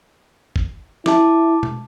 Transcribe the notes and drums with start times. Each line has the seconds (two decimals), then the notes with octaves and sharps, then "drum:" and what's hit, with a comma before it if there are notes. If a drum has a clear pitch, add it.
0.56 drum: kick G1
1.06 E4 A5 D6, drum: snare
1.63 drum: tom B2